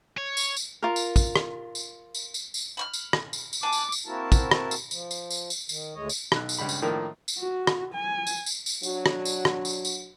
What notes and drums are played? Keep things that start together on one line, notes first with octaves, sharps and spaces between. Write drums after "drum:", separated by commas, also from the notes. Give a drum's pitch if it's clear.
C#5
drum: tambourine
drum: tambourine
F4 A#4
drum: tambourine
drum: kick, tambourine
drum: rim click
drum: tambourine
drum: tambourine
drum: tambourine
drum: tambourine
B5 C#6 F6
drum: tambourine
drum: rim click
drum: tambourine
drum: tambourine
D4 G#5 A5 D6
drum: tambourine
drum: tambourine
A#3 C4 E4 F#4 A#4 A5
drum: kick, tambourine
drum: rim click
drum: tambourine
F3, drum: tambourine
drum: tambourine
drum: tambourine
drum: tambourine
D#3, drum: tambourine
D2 A2 G#3 C#5 D#5
drum: tambourine
B1 F#6, drum: rim click
drum: tambourine
C#2 G2 G4 B5
drum: tambourine
A2 D#3 F3 A#3 D4
drum: tambourine
F#4
drum: rim click
G#5
drum: tambourine
drum: tambourine
drum: tambourine
F#3 D4 F#4, drum: tambourine
drum: rim click
drum: tambourine
drum: rim click
drum: tambourine
drum: tambourine